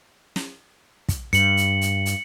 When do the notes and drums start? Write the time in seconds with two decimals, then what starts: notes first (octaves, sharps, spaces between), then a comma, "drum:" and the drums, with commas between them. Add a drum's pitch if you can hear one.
0.36 drum: snare
1.09 drum: kick, hi-hat
1.33 G2 C#7 F#7, drum: hi-hat
1.57 drum: hi-hat
1.81 drum: hi-hat
2.06 drum: hi-hat